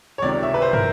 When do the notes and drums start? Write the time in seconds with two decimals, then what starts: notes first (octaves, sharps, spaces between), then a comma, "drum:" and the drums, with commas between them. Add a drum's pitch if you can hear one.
0.18 C#5
0.22 C#2 C3 D#3 D5
0.43 E5
0.54 B4
0.62 C5
0.73 A#4, drum: tom